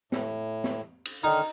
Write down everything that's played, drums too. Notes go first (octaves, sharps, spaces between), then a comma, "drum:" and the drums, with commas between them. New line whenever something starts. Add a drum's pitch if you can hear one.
A2, drum: snare
drum: snare
drum: cymbal
D3 D#3 D#4 F6